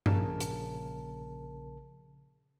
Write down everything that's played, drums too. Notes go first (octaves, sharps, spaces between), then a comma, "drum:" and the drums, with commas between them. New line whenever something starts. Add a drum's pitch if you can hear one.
A#1 C#3 A#4 A5, drum: tom G2
drum: hi-hat